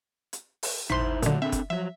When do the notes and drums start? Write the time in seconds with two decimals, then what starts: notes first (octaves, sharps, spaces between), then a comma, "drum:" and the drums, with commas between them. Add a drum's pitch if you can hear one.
0.33 drum: hi-hat
0.63 drum: open hi-hat
0.90 D#4 E4 C5 C6 B6, drum: tom G#1
1.22 A#2 D3 F#3 A3, drum: hi-hat
1.42 C4 D4 A4 E5
1.52 drum: kick F#1, hi-hat
1.70 F3 F#3 E5